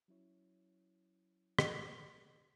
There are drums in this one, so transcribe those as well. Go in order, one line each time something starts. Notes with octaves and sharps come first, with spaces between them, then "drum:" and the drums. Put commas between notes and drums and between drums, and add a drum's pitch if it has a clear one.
F#3 C#4 E4 C#5
drum: rim click